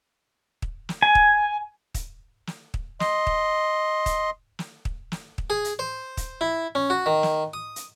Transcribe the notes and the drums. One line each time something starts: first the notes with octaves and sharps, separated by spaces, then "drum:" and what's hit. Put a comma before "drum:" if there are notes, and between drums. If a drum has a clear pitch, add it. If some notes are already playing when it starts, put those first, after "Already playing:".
drum: kick
drum: snare
G#5
drum: kick
drum: kick, hi-hat
drum: snare
drum: kick
D#5 C6, drum: snare
drum: kick
drum: kick, hi-hat
drum: snare
drum: kick
drum: snare
drum: kick
G#4
drum: hi-hat
C5
drum: kick, hi-hat
E4
C#4
F#4
D#3
drum: snare
D#6
drum: hi-hat